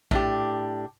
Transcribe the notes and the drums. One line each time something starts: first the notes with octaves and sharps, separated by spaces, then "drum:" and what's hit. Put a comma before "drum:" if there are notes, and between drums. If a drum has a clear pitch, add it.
A2 D4 G4, drum: kick A1